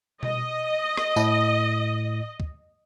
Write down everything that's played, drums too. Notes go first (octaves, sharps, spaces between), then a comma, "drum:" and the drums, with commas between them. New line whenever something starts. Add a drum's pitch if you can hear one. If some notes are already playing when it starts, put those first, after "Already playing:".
D#5, drum: tom B2
drum: rim click
A2, drum: tambourine
drum: kick